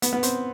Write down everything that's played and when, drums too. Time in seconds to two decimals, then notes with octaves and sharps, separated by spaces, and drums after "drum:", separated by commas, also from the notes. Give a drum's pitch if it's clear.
0.02 B3, drum: hi-hat
0.13 B3
0.23 C4, drum: hi-hat